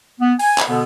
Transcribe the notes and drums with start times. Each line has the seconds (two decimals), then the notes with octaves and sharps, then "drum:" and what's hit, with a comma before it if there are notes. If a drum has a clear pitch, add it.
0.20 B3
0.39 G#5, drum: open hi-hat
0.58 drum: clap
0.69 B2 D3 B3